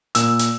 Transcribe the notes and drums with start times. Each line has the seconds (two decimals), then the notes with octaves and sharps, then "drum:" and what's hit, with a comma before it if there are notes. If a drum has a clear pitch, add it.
0.15 A#2 E6, drum: hi-hat
0.39 drum: hi-hat